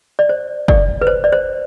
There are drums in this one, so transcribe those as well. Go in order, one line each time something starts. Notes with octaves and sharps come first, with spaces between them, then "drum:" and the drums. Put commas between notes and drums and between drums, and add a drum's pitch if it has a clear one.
D5
C5
D5, drum: kick F#1
B4
C5
D5
C5